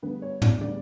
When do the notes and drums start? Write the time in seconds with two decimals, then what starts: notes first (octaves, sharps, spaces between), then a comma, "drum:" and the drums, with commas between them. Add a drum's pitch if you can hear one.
0.02 D3 G3 B3 B4
0.22 C#5
0.42 D5, drum: tom
0.61 D3 G3 B3 D5